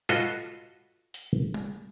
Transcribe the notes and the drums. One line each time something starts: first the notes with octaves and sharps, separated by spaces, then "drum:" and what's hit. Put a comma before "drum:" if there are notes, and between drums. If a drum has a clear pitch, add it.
F4 F#4 A4 B4 D#5, drum: snare
drum: hi-hat
drum: tom